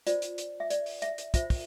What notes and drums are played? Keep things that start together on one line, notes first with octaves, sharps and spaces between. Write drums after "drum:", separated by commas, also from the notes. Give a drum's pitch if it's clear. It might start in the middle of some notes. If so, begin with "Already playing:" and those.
F4 C5 D5, drum: hi-hat
drum: hi-hat
drum: hi-hat
E5
D5, drum: hi-hat
drum: open hi-hat
E5, drum: hi-hat
drum: hi-hat
F4 C5 E5, drum: kick, hi-hat
drum: kick, open hi-hat